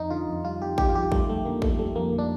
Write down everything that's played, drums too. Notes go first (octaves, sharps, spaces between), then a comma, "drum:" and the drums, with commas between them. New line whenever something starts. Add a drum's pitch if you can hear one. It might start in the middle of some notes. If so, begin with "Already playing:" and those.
Already playing: F2 D#4
D3 F4
F2
G3 F4
F2 G4
D3 G4, drum: kick A1
F4
F2 G4
G3 A3, drum: kick A1
F2 A3
D3 A#3
F2 A3, drum: kick A1
G3 A3
F2 A#3
D3
D4